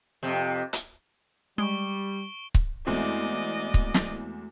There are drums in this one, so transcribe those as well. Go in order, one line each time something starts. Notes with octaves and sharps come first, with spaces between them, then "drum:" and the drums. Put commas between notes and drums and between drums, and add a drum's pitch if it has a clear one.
F2 C3
drum: hi-hat
G3 G#3 C#6 D7 G7
drum: kick C#1
E2 G#3 A3 C4 E4 F#4 D5 D#5
drum: kick C#1
drum: snare